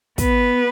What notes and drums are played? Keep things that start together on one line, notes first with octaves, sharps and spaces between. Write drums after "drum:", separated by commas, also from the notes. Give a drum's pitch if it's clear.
B3 B4, drum: kick, hi-hat